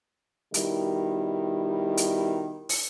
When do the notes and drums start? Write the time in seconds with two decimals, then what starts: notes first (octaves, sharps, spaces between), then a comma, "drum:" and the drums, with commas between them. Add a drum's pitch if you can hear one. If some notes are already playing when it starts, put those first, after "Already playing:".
0.54 B2 D#3 G3 E4, drum: hi-hat
1.97 drum: hi-hat
2.69 drum: open hi-hat